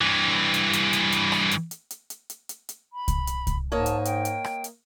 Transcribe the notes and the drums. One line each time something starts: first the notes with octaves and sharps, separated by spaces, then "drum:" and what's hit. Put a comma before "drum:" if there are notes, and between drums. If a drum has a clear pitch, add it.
G2 E3
drum: hi-hat
drum: hi-hat
drum: hi-hat
drum: hi-hat
drum: rim click
drum: hi-hat
drum: hi-hat
drum: hi-hat
drum: hi-hat
drum: hi-hat
drum: hi-hat
drum: hi-hat
B5
drum: kick C2, hi-hat
drum: hi-hat
drum: kick C2, hi-hat
G#2 A#3 C#5 D#5 A5
drum: hi-hat
G5, drum: hi-hat
drum: hi-hat
drum: rim click
drum: hi-hat